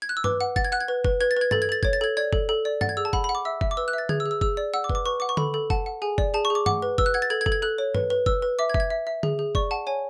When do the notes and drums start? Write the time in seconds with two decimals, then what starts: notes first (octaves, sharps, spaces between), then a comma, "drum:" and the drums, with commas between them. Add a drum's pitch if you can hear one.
0.02 G#6
0.09 F#6
0.17 E6
0.24 B4 D6, drum: tom G2
0.41 F#5
0.56 F#5 A6, drum: kick F#1
0.64 G#6
0.72 F#5 F#6
0.81 G#6
0.88 B4
1.05 B4, drum: kick F#1
1.21 B4 G#6
1.31 A6
1.37 B4 G#6
1.51 A4 A6, drum: tom G2
1.62 G#6
1.69 A4 A6
1.83 C#5 G#6, drum: kick F#1
1.93 A6
2.01 A4 G#6
2.17 D5 G#6
2.33 A4, drum: kick F#1
2.49 A4
2.65 D5
2.81 F#5 A6, drum: tom G2
2.89 G#6
2.97 G#4 E6
3.05 A5
3.13 F#5 B5, drum: kick F#1
3.24 B5
3.29 F#5
3.35 D6
3.45 E5 E6
3.61 E5, drum: kick F#1
3.71 D6
3.77 B4 E6
3.88 F#6
3.93 E5
3.98 A6
4.09 G#4 G#6, drum: tom D3
4.20 E6
4.26 G#4
4.31 E6
4.41 G#4 E6, drum: kick F#1
4.57 D5
4.74 F#5 E6
4.84 D6
4.89 B4, drum: kick F#1
4.95 D6
5.05 B4 C#6
5.20 F#5 D6
5.29 C#6
5.37 A4 B5, drum: tom D3
5.54 A4
5.70 F#5 A5, drum: kick F#1
5.86 F#5
6.02 G#4 G#5
6.18 D5, drum: kick F#1
6.34 G#4 A5
6.45 C#6
6.50 G#4
6.55 D6
6.66 F#5 D6, drum: tom G2
6.82 B4
6.98 B4 E6, drum: kick F#1
7.06 F#6
7.14 F#5 G#6
7.22 A6
7.30 A4 G#6
7.41 G#6
7.46 A4, drum: kick F#1
7.52 G#6
7.62 A4 F#6
7.78 C#5
7.95 B4, drum: tom G2
8.10 B4
8.26 B4 E6, drum: kick F#1
8.42 B4
8.59 E5 D6
8.70 G#6
8.74 E5, drum: kick F#1
8.80 G#6
8.90 E5
9.07 E5
9.23 G#4, drum: tom D3
9.39 G#4
9.55 D5 C#6, drum: kick F#1
9.71 F#5 A5
9.87 C#5 G#5